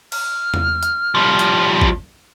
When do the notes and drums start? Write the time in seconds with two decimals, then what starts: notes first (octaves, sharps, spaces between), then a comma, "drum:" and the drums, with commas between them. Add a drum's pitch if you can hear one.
0.12 F6, drum: cymbal
0.54 drum: tom E2
0.83 drum: hi-hat
1.15 F3 G3
1.39 drum: hi-hat
1.82 drum: kick